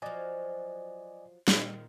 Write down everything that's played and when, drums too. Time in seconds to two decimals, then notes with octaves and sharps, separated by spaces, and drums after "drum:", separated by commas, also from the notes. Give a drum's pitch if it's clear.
0.02 F3 F#3 D5 D#5 G#5
1.48 A#2 D#3 G3, drum: snare